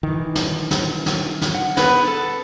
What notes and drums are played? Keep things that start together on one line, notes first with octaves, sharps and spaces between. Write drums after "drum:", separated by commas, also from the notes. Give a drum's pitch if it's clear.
D#3 E3
drum: snare
drum: snare
drum: snare
drum: snare
F#5
B3 G#4 B4, drum: snare
A4